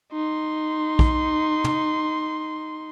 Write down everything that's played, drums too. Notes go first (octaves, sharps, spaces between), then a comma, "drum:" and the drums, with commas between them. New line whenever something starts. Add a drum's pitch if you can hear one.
D#4 C6
drum: kick A#1
drum: tom